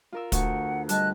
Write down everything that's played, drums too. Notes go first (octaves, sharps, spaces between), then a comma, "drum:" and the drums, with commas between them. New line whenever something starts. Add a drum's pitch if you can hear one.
F4 A#4 E6
D2 F#5 C#6, drum: kick, hi-hat
G3 D#5 A5 F#6, drum: hi-hat